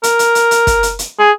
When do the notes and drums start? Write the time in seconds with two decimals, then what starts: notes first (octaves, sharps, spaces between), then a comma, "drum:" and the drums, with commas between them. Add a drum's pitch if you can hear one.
0.03 A#4, drum: hi-hat
0.19 drum: hi-hat
0.35 drum: hi-hat
0.51 drum: hi-hat
0.67 drum: kick, hi-hat
0.83 drum: hi-hat
0.99 drum: hi-hat
1.20 G#4